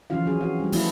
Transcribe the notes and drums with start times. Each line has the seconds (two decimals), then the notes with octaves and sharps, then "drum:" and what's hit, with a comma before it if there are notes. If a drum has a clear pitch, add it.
0.10 D3 E3 F3 C#4 F4 F5
0.25 F3 F#3 C#4 G#4
0.41 C4 F#4 F5
0.60 G3 D4
0.72 F3 A3 B3 D4 E4 F4, drum: open hi-hat